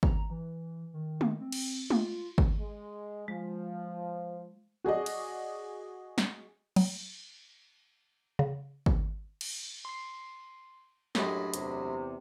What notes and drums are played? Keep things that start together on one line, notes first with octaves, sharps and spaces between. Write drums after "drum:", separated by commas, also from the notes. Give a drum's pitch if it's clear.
A#5, drum: kick G#1
E3
D#3
drum: tom G#3
C4
drum: cymbal
F4, drum: tom G#3
drum: kick G#1
G#3
F3 G#3
F#4 G#4 D5 D#5
drum: cymbal
drum: snare
F#3, drum: cymbal
C#3
drum: kick G#1
drum: cymbal
C6 C7
F#2 A2 G#3 D4 G4 B5, drum: snare
E2 C3, drum: hi-hat